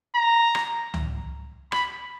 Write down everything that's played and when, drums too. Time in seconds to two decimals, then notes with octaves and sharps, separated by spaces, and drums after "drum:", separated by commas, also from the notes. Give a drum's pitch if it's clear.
0.15 A#5
0.55 drum: rim click
0.94 drum: tom C#2
1.72 B5, drum: rim click